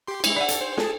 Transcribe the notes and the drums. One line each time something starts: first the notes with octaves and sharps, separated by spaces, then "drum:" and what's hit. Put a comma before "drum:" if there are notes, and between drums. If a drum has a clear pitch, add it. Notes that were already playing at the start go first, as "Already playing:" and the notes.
G4 C6
G#3 E4, drum: cymbal
D5 E5 F#5 B5
A4, drum: hi-hat
C5
G#4 A4 A5, drum: snare